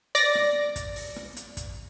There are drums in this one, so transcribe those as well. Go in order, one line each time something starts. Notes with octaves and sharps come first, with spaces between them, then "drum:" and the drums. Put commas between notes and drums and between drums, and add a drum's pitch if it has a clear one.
D5 A#6, drum: open hi-hat
drum: rim click
drum: kick, hi-hat
drum: open hi-hat
drum: rim click
drum: hi-hat
drum: kick, hi-hat